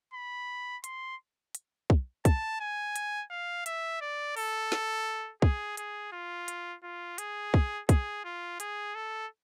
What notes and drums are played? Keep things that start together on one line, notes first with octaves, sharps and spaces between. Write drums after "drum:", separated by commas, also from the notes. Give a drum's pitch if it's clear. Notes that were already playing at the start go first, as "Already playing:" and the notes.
B5
C6, drum: hi-hat
drum: hi-hat
drum: kick
A5, drum: kick, hi-hat
G#5
drum: hi-hat
F5
E5, drum: hi-hat
D5
A4, drum: open hi-hat
drum: snare
G#4, drum: kick
G#4, drum: hi-hat
F4
drum: hi-hat
F4
G#4, drum: hi-hat
drum: kick
G#4, drum: kick, hi-hat
F4
G#4, drum: hi-hat
A4